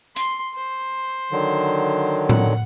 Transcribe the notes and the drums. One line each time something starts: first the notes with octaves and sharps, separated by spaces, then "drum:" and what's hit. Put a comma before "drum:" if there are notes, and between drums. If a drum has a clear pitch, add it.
C6, drum: hi-hat
C5
D3 D#3 F#3
F#5, drum: tom A2